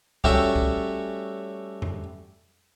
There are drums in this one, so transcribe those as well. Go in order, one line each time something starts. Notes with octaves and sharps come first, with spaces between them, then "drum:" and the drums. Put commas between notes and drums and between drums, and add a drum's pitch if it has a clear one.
G3 A3 C#4 F#4 E5, drum: kick C2
drum: kick C2
drum: tom F2